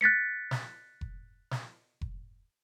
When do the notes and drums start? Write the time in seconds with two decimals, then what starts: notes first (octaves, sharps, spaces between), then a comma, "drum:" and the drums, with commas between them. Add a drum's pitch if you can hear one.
0.01 F#6 A6 B6 C#7
0.51 drum: snare
1.01 drum: kick F1
1.51 drum: snare
2.01 drum: kick F1